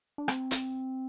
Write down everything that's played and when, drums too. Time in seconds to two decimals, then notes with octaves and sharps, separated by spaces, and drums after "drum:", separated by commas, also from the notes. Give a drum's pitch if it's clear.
0.18 D4
0.28 C4, drum: rim click
0.51 drum: hi-hat